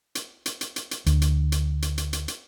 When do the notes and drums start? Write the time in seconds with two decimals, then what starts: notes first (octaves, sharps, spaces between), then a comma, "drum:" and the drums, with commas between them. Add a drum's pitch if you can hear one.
0.15 drum: hi-hat
0.46 drum: hi-hat
0.61 drum: hi-hat
0.76 drum: hi-hat
0.91 drum: hi-hat
1.06 D2, drum: hi-hat
1.22 drum: hi-hat
1.52 drum: hi-hat
1.82 drum: hi-hat
1.98 drum: hi-hat
2.13 drum: hi-hat
2.28 drum: hi-hat